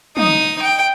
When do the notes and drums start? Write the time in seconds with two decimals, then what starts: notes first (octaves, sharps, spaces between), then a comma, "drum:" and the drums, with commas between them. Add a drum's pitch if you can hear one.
0.17 D#4 D#6, drum: tom
0.62 G5